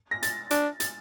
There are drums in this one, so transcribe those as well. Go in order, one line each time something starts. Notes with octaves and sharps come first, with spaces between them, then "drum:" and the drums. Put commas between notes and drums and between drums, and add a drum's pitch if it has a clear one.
A#6
A6, drum: hi-hat
D4 A6, drum: hi-hat
A6, drum: hi-hat